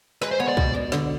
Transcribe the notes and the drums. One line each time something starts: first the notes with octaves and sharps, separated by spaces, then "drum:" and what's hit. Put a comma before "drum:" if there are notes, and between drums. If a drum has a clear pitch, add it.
G#3 B4, drum: snare
C5
B3 C#5
D5
B2, drum: kick B1
B2
D3, drum: snare